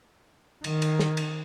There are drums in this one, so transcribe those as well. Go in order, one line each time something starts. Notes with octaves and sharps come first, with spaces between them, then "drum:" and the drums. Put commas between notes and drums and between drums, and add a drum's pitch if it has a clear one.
D#3, drum: cymbal
drum: cymbal
drum: snare
drum: cymbal